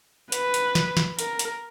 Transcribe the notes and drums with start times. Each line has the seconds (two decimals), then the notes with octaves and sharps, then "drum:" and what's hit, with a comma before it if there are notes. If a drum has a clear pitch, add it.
0.32 B4, drum: hi-hat
0.54 drum: hi-hat
0.75 drum: snare
0.97 drum: snare
1.19 A#4, drum: hi-hat
1.39 drum: hi-hat